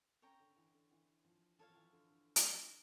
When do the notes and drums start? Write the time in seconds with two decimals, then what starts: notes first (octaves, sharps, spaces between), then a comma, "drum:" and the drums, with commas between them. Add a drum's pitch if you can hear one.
0.22 C#4 C#5 G5 A#5
0.40 D3
0.56 E3
0.74 D3
0.91 E3
1.25 F3
1.59 F3 A4 C#5 F5
1.70 F3
1.76 E3
1.93 D3
2.10 D3
2.36 drum: hi-hat